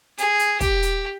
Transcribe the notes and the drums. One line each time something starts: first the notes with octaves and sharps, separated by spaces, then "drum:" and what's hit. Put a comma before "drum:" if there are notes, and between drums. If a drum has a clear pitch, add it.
G#4, drum: hi-hat
drum: hi-hat
G4, drum: kick, hi-hat
drum: hi-hat